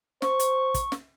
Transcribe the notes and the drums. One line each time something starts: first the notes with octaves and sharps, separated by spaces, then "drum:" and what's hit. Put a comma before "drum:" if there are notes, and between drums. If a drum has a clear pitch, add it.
C5 C#6, drum: snare
drum: hi-hat
drum: kick, hi-hat
drum: snare